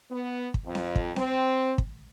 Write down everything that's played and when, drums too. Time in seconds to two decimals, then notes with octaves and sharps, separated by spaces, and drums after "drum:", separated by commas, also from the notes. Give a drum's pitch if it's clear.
0.10 B3
0.54 drum: kick
0.65 F2
0.75 drum: snare C4
0.96 drum: kick
1.16 C4, drum: snare C4
1.78 drum: kick